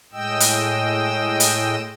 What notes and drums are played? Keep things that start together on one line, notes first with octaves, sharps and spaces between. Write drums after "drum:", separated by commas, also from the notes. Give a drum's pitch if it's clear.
A2 G#3 D#5 G5 E6
drum: hi-hat
drum: hi-hat